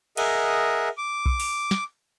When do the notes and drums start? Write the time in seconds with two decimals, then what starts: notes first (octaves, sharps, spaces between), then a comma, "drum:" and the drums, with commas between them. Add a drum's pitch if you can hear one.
0.17 G#4 A#4 D#5 E5 F#5, drum: cymbal
0.98 D6
1.26 drum: kick
1.40 drum: open hi-hat
1.71 drum: snare